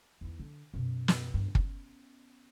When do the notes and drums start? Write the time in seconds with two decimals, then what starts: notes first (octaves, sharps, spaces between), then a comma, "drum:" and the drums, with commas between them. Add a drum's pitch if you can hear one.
0.21 E2 D#4
0.39 D3
0.74 F#2 B2
1.08 drum: snare
1.34 G2
1.55 B3 C#4, drum: kick